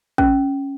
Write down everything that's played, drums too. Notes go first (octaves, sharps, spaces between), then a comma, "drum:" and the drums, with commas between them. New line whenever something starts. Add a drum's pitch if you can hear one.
C#4, drum: kick